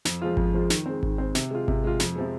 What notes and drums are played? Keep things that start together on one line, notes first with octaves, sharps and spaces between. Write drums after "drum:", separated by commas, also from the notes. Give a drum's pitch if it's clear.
F2, drum: snare
F3 G#3 F4
F2, drum: kick G#1
F3 G#3 F4
D#3, drum: snare
G#3 C4
D#3, drum: kick G#1
G#3 C4
C3, drum: snare
G#3 F4
C3, drum: kick G#1
G#3 F4
F2, drum: snare
C3 F3 G#3